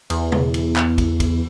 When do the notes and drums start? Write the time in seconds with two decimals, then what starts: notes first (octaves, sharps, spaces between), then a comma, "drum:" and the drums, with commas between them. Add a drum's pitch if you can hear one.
0.10 E2, drum: cymbal
0.32 drum: tom B2
0.54 drum: cymbal
0.76 drum: clap
0.98 drum: kick, cymbal
1.20 drum: kick, cymbal